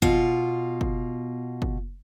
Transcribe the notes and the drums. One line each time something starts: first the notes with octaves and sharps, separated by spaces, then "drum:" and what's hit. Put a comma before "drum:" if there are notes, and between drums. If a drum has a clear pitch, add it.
B2 F4, drum: kick
drum: kick
drum: kick